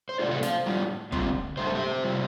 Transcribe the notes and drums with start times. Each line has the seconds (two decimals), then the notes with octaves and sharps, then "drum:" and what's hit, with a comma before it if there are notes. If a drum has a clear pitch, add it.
0.09 C5
0.19 C3 A3 F4 A4 D5
0.31 A4 D5
0.43 C5 F5, drum: snare
0.66 A2 G3 D4 F4
1.12 D3 G3 C4 F4, drum: kick
1.57 G2 D3 A3 C5
1.66 A4
1.75 G4 C5
2.03 C3 G3 F4